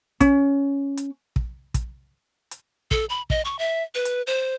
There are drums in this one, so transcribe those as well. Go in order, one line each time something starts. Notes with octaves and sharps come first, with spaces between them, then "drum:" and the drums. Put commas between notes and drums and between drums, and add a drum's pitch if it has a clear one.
C#4, drum: kick, hi-hat
drum: hi-hat
drum: kick
drum: kick, hi-hat
drum: hi-hat
A4, drum: kick
B5
D#5, drum: kick
C#6
E5
B4
drum: hi-hat
C5